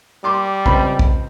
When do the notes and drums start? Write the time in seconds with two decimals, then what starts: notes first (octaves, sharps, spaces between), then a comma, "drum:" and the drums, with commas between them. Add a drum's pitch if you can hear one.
0.24 G3 C6 D6
0.66 C#2 C4 B5, drum: kick
0.99 drum: kick